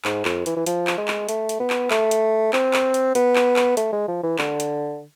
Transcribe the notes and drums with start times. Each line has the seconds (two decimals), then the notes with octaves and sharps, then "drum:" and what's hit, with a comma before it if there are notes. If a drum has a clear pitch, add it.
0.05 G#2, drum: clap
0.25 F2, drum: clap
0.46 E3, drum: hi-hat
0.56 E3
0.66 F3, drum: hi-hat
0.87 drum: clap
0.98 G#3
1.08 drum: clap
1.29 A3, drum: hi-hat
1.49 drum: hi-hat
1.60 B3
1.70 drum: clap
1.91 A3, drum: clap
2.11 drum: hi-hat
2.53 C4, drum: clap
2.73 drum: clap
2.94 drum: hi-hat
3.15 B3, drum: hi-hat
3.36 drum: clap
3.56 drum: clap
3.77 A3, drum: hi-hat
3.92 G#3
4.08 F3
4.24 E3
4.39 D3, drum: clap
4.60 drum: hi-hat